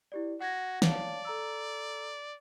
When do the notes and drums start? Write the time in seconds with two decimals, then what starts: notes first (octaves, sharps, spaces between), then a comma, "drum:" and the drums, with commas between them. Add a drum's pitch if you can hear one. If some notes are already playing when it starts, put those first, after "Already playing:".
0.12 E4 G4 D5
0.41 F#4 F#5 G#6 A#6
0.82 C#5 D5 F5 A5, drum: snare
1.25 A4 A#5 E6